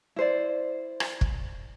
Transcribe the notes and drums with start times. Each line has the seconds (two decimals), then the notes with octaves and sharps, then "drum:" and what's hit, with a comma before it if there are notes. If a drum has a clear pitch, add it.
0.16 E4 C5 D5
1.00 drum: rim click
1.21 drum: kick